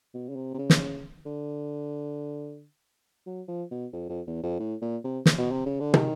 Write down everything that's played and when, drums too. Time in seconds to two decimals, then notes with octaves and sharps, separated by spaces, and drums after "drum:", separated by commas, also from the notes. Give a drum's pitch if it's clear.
0.14 B2
0.29 C#3
0.36 C3
0.54 C3
0.58 C#3
0.70 drum: snare
1.25 D3
3.26 F#3
3.48 F3
3.71 B2
3.93 F2
4.09 F2
4.27 E2
4.43 F2
4.60 A2
4.82 A#2
5.04 C3
5.26 drum: snare
5.38 B2
5.52 C3
5.66 C#3
5.80 D3
5.94 D#3, drum: tom